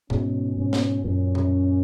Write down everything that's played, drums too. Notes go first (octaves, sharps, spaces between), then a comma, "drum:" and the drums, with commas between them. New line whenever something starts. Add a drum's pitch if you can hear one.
G#2 B2 C#4, drum: tom B2
G#2 B2 C#4
drum: snare
F#2 A#2 C#4
drum: tom B2